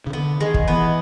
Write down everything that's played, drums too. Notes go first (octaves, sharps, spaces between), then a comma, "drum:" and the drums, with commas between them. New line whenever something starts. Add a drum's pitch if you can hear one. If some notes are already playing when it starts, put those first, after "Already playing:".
C#3
D3 B3
D#3 G#3
drum: kick
E3 B3